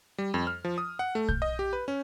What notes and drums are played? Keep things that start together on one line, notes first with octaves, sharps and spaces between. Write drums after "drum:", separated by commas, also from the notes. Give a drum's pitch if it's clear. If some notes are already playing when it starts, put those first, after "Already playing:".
G3
F2
F6
F3
D#6
F#5
A3
G6, drum: kick
D#5
G4
B4
C#4